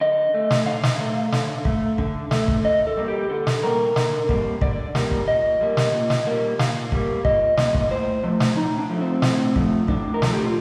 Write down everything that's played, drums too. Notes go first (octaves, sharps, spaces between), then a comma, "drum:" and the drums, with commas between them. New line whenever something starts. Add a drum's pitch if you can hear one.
D3 D#5
A3
drum: snare
D3 F5
drum: snare
A3
D3, drum: snare
A3, drum: kick
D3, drum: kick
A3, drum: snare
drum: kick
D3 D#5
A4
G3 A#3
G4
D3 A4
drum: snare
G3 A#3 A#4
D3, drum: snare
G3 A#3, drum: kick
D3 D5, drum: kick
G3 A#3, drum: snare
drum: kick
A#2 D#5
G3 A#3
drum: snare
A#2
drum: snare
G3 A#3
A#2 F5, drum: snare
G3 A#3, drum: kick
A#2 D#5, drum: kick
G3 A#3 D#5, drum: snare
drum: kick
A2 C5
F3 A3
drum: snare
A2 D#4
D4
F3 A3
C4
A2, drum: snare
F3 A3, drum: kick
A2 D4, drum: kick
A#4
F3 A3 A4, drum: snare
G4
F4